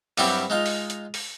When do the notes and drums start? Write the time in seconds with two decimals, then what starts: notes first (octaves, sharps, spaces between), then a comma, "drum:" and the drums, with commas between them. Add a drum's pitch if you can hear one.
0.17 G2 F#3 G3 C4 E4 G4, drum: open hi-hat
0.50 G#3 D#4 F4
0.66 drum: open hi-hat
0.90 drum: hi-hat
1.14 drum: open hi-hat